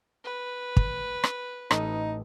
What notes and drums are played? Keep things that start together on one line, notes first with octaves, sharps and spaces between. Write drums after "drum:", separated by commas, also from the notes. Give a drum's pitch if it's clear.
B4
drum: kick
drum: rim click
A1 D#4 A4 D#5, drum: rim click